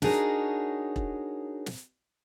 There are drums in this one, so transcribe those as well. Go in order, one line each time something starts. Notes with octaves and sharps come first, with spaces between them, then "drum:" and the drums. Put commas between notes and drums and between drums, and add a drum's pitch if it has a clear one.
D4 D#4 F#4 G#4 A#4 C#5, drum: snare
drum: kick E1
drum: snare